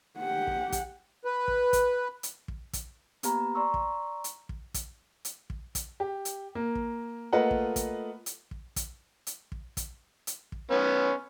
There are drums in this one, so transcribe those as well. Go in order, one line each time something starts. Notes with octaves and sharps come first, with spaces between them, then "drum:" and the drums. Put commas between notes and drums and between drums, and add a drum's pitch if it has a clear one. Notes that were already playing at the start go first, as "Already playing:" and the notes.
G4 F#5
drum: kick
drum: kick, hi-hat
B4
drum: kick
drum: kick, hi-hat
drum: hi-hat
drum: kick
drum: kick, hi-hat
A#3 B3 G4 A#5 B5, drum: hi-hat
D5 A#5 C6 C#6 E6
drum: kick
drum: hi-hat
drum: kick
drum: kick, hi-hat
drum: hi-hat
drum: kick
drum: kick, hi-hat
G4
drum: hi-hat
A#3
drum: kick
A3 A#3 F4 B4 D#5 F#5
drum: kick
drum: kick, hi-hat
drum: hi-hat
drum: kick
drum: kick, hi-hat
drum: hi-hat
drum: kick
drum: kick, hi-hat
drum: hi-hat
drum: kick
B3 C#4